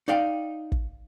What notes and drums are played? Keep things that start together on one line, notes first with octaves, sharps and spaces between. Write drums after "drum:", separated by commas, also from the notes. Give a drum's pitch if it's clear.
D#4 D5 F5 G5
drum: kick